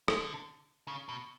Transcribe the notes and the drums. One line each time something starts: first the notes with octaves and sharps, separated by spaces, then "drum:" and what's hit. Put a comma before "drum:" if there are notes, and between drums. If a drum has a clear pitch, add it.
D3, drum: rim click
C#3
B2